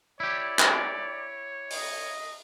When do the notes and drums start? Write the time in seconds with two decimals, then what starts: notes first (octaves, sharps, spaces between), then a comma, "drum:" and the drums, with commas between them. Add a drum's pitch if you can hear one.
0.20 E4 G4 C#5 D5
0.59 drum: clap
1.70 D#5, drum: open hi-hat